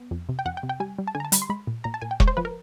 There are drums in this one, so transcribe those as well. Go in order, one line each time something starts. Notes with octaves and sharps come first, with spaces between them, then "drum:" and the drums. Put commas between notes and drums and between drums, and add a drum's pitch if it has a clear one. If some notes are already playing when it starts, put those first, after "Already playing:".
Already playing: B3
F2
C3
G5
F2 F#5
G5
C3
G5
G3 G#5
G3
A5
D3 G#5
A#5
A5
G3 B5, drum: hi-hat
C6
G#3 B5
A#2
A#2 A#5
A5
A#2 G#5
G5
G#3 C#5, drum: kick
C5
F3 B4
A#4